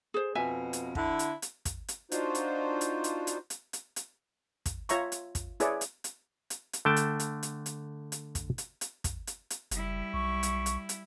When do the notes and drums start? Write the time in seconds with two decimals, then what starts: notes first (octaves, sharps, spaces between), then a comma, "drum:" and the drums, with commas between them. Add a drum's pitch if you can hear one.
0.14 G#4 C5
0.35 F2 B2 E5 G#5
0.73 drum: hi-hat
0.95 D3 E4, drum: kick
1.19 drum: hi-hat
1.42 drum: hi-hat
1.65 drum: kick, hi-hat
1.88 drum: hi-hat
2.12 D4 D#4 F4 F#4 C5, drum: hi-hat
2.35 drum: hi-hat
2.81 drum: hi-hat
3.04 drum: hi-hat
3.27 drum: hi-hat
3.50 drum: hi-hat
3.73 drum: hi-hat
3.96 drum: hi-hat
4.66 drum: kick, hi-hat
4.89 F4 C#5 E5 A#5 C#6, drum: hi-hat
5.12 drum: hi-hat
5.35 drum: kick, hi-hat
5.60 E4 G#4 B4 C#5 D5, drum: hi-hat
5.81 drum: hi-hat
6.04 drum: hi-hat
6.50 drum: hi-hat
6.73 drum: hi-hat
6.85 D3 A3 G5 A5
6.96 drum: hi-hat
7.20 drum: hi-hat
7.43 drum: hi-hat
7.66 drum: hi-hat
8.12 drum: hi-hat
8.35 drum: kick, hi-hat
8.58 drum: hi-hat
8.81 drum: hi-hat
9.04 drum: kick, hi-hat
9.27 drum: hi-hat
9.50 drum: hi-hat
9.71 F#1 G3 E4, drum: hi-hat
10.14 B1 C#6
10.43 drum: hi-hat
10.66 drum: hi-hat
10.89 drum: hi-hat